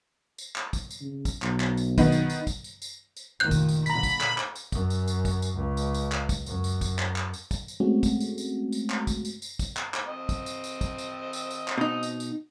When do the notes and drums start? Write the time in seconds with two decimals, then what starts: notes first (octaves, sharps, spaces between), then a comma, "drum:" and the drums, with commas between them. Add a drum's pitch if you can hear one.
0.38 drum: tambourine
0.56 drum: clap
0.73 drum: kick, tambourine
0.91 drum: tambourine
1.01 C#3
1.25 drum: kick, tambourine
1.42 B1, drum: clap
1.60 drum: clap
1.77 drum: tambourine
1.98 D#3 B3 D#4, drum: kick, tambourine
2.12 drum: tambourine
2.30 drum: tambourine
2.47 drum: kick, tambourine
2.64 drum: tambourine
2.82 drum: tambourine
3.16 drum: tambourine
3.40 F1 A#2 D#3 F#6 G6
3.51 drum: kick, tambourine
3.69 drum: tambourine
3.86 A#2 D3 A#5 B5 B6, drum: tambourine
4.03 drum: kick, tambourine
4.21 drum: clap
4.38 drum: clap
4.55 drum: tambourine
4.72 F#2, drum: kick, tambourine
4.90 drum: tambourine
5.08 drum: tambourine
5.25 drum: kick, tambourine
5.42 drum: tambourine
5.56 C#2
5.77 drum: tambourine
5.94 drum: tambourine
6.12 drum: clap
6.29 drum: kick, tambourine
6.46 F#2, drum: tambourine
6.64 drum: tambourine
6.81 drum: kick, tambourine
6.99 drum: clap
7.16 drum: clap
7.33 drum: tambourine
7.51 drum: kick, tambourine
7.68 drum: tambourine
7.80 G#3 A3 C4 C#4 F#4
8.03 drum: kick, tambourine
8.20 drum: tambourine
8.38 drum: tambourine
8.73 drum: tambourine
8.90 drum: clap
9.07 drum: kick, tambourine
9.25 drum: tambourine
9.42 drum: tambourine
9.59 drum: kick, tambourine
9.77 drum: clap
9.94 drum: clap
10.06 C4 D#5
10.29 drum: kick, tambourine
10.46 drum: tambourine
10.64 drum: tambourine
10.81 drum: kick, tambourine
10.98 drum: tambourine
11.33 drum: tambourine
11.51 drum: tambourine
11.68 drum: clap
11.78 B2 D#4
12.03 drum: tambourine
12.20 drum: tambourine